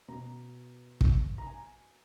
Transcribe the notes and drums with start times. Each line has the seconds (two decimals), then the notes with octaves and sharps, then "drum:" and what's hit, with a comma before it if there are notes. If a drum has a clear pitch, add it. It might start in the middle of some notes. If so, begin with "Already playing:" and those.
0.08 B2 A#5
1.01 drum: kick
1.38 A#5
1.46 G#5